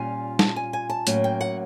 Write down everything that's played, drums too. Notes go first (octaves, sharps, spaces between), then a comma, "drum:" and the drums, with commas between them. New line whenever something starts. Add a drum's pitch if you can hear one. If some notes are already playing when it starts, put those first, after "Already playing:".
Already playing: A#2 G3 C#4 F4 G#5
A5, drum: snare G3
G#5
G#5
A5
A2 F#3 A#3 C#4, drum: hi-hat
G5
F#5